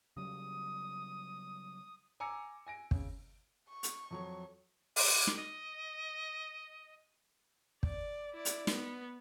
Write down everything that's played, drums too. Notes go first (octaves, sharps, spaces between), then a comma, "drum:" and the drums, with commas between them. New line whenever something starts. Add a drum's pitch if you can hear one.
C#3 F#3 G3 D#6
G#5 A#5 D6 E6 C#7
G#5 A#6 D7
C#3, drum: kick
C#6
drum: hi-hat
F2 F#3 C#5
D6, drum: open hi-hat
drum: snare
D#5
D5, drum: kick
E4 D5
drum: hi-hat
B3, drum: snare